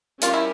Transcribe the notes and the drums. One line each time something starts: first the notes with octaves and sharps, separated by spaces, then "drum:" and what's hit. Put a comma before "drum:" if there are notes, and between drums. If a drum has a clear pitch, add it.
G3 C#4 F4 G4 A#4, drum: hi-hat
E4